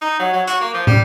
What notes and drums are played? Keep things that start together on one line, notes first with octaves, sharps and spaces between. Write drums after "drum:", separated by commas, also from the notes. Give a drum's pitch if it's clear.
D#4
F#3
F#3
F#4, drum: hi-hat
A#3
F3
G3, drum: tom